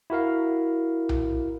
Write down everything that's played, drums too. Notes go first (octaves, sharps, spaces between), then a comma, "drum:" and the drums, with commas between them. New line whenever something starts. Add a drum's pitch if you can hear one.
E4 F#4 A#4 F5
drum: tom B1